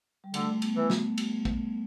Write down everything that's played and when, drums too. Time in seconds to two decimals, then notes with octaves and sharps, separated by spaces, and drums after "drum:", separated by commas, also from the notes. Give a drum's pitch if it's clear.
0.24 G3
0.34 D3 A3, drum: cymbal
0.62 B3, drum: cymbal
0.75 E3
0.90 drum: snare
1.18 drum: cymbal
1.45 drum: kick